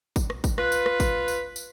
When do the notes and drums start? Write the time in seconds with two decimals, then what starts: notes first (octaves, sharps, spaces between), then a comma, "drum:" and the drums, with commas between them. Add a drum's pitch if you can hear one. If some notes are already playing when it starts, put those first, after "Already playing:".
0.16 drum: kick, tambourine
0.30 drum: rim click
0.44 drum: kick, tambourine
0.58 F4 B4, drum: rim click
0.72 drum: tambourine
0.86 drum: rim click
1.00 drum: kick, tambourine
1.28 drum: tambourine
1.56 drum: tambourine